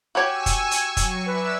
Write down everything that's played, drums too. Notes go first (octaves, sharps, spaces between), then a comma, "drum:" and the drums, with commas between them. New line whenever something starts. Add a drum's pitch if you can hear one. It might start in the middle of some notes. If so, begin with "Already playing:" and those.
F#4 G4 C#5 G#5 C#6 E6
drum: kick, hi-hat
drum: hi-hat
F#3 C#6, drum: kick, hi-hat
B4 D5 E5 E6